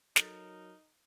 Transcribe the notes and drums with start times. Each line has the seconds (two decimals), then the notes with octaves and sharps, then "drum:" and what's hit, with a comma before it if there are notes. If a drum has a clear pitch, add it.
0.16 F#3 D#4 A4 A#4, drum: snare